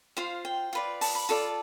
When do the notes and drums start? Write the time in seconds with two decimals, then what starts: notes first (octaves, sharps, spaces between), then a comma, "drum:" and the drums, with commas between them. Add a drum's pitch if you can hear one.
0.17 F4 C5 F5
0.45 G5
0.73 F4 B4 D5
1.01 A5, drum: open hi-hat
1.15 B5
1.29 F4 A4 D5 A5